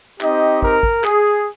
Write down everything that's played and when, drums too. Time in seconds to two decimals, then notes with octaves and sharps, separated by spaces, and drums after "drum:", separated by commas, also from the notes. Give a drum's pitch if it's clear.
0.21 C4 D#4 G4 D#5, drum: clap
0.62 A#4, drum: kick
0.83 drum: kick
1.04 G#4, drum: clap